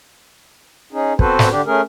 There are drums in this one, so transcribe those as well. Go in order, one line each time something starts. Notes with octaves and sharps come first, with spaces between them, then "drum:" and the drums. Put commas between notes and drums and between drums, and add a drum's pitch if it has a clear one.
C#4 D#4 G#4
B3 C4 F#4 A4 B4 C5, drum: kick
drum: snare
D3 D4 G4
A3 C#4 G#4 A#4